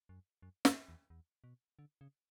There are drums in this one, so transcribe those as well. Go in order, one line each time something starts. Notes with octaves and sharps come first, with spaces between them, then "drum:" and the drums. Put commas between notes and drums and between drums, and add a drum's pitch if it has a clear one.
F#2
F#2
F#2, drum: snare
E2
E2
B2
D3
C#3